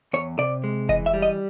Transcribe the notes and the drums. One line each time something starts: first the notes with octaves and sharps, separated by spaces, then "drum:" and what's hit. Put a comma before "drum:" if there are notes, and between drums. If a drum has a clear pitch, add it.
E2 C#5
C3 D5
G#3
E3 D#5, drum: kick F1
E5
G3
D#5